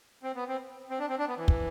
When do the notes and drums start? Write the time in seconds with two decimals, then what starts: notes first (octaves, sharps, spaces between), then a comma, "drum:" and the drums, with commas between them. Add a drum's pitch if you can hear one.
0.23 C4
0.35 B3
0.48 C4
0.90 C4
0.99 D4
1.09 C4
1.19 D4
1.28 B3
1.38 E3
1.48 drum: kick